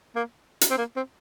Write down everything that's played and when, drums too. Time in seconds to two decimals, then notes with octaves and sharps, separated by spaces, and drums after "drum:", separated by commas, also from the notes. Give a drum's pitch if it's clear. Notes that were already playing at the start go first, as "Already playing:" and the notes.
0.15 A#3
0.61 drum: hi-hat
0.70 C4
0.78 A#3
0.96 C4